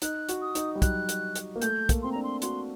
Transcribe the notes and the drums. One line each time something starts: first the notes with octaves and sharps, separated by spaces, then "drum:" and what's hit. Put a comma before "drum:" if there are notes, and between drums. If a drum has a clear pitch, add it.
D#4 F#6, drum: hi-hat
F#4, drum: hi-hat
D#6
D#4, drum: hi-hat
G3
F#3 F#6, drum: kick, hi-hat
drum: hi-hat
drum: hi-hat
A#3
A3 G6, drum: hi-hat
A#3, drum: kick, hi-hat
C4 C6
D4 A#5
C6
F#4 C6, drum: hi-hat